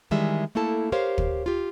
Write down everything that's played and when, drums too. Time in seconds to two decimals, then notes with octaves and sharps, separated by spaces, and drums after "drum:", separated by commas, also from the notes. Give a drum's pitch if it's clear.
0.11 D#3 E3 G3 G#3 E5
0.55 A3 A#3 E4 A4 A5
0.92 G4 A#4 C5 C#5 F5
1.18 drum: kick
1.46 F4 G4